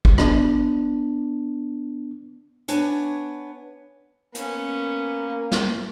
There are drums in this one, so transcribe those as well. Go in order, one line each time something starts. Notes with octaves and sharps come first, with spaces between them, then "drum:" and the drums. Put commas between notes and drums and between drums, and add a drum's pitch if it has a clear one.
drum: kick
B3 D4, drum: rim click
B3 D4 C#5 G#5, drum: hi-hat
A#3 B3 C#4, drum: hi-hat
drum: snare